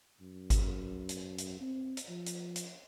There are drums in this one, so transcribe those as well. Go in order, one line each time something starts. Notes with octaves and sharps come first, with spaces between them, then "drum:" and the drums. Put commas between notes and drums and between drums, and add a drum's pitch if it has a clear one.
F#2
drum: kick G#1, hi-hat
drum: hi-hat
drum: hi-hat
C4
drum: hi-hat
F3
drum: hi-hat
drum: hi-hat